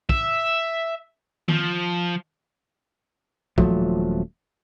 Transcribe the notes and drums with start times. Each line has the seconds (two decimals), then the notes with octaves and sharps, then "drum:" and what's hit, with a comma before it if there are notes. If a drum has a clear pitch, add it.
0.09 E5, drum: kick
1.48 F3, drum: tom D#3
3.58 D#1 F3 F#3 A3, drum: kick